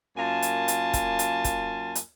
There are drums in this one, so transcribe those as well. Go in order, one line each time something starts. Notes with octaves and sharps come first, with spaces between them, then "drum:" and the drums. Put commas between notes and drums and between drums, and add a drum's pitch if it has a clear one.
F#2 A#3 F4 G#5 A5
drum: hi-hat
drum: hi-hat
drum: kick, hi-hat
drum: hi-hat
drum: kick, hi-hat
drum: hi-hat